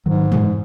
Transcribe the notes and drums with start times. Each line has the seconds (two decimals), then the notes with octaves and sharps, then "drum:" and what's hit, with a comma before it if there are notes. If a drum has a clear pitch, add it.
0.06 G#2 D#3 F#3
0.32 E3 G#3, drum: tom